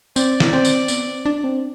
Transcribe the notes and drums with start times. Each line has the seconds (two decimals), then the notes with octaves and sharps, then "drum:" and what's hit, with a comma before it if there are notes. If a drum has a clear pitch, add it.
0.16 C4 D5, drum: tambourine
0.40 drum: snare
0.53 C4
0.65 drum: tambourine
0.88 B3, drum: tambourine
1.07 C4
1.26 D4
1.44 C4